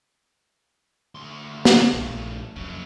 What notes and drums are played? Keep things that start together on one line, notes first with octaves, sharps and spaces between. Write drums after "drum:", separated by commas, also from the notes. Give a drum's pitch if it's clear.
D2 C6
drum: snare
A#1 G2 A3 A#3
F2 C#3 F#3